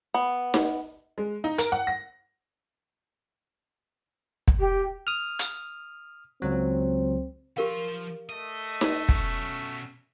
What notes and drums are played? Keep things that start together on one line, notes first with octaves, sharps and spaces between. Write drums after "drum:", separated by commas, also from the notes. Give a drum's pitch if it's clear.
B3
drum: snare D#4
G#3
D#4
A#4, drum: hi-hat
F#5
A#6
drum: kick
G4
D#6 F6
drum: hi-hat
C#2 F#3 C4
F3 G4 A#4 F5 C6
A3 D#5
drum: snare D#4
B2 C#4, drum: kick